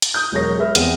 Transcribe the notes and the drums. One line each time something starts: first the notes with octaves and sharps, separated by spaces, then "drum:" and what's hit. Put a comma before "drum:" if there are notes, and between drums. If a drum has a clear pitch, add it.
drum: hi-hat
D#6 G6
E1 F#3 G#3 A#4 C#5 A#6
G#4 B4 E5 F6
E2 C4 G#4 F#5 D#7, drum: hi-hat